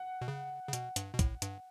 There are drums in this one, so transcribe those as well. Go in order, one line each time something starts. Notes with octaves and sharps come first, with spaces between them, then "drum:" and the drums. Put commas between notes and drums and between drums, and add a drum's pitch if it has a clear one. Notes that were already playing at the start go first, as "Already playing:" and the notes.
Already playing: F#5
B2
C#3
C#3
B2, drum: hi-hat
G2, drum: hi-hat
B2
A2, drum: kick, hi-hat
G2, drum: hi-hat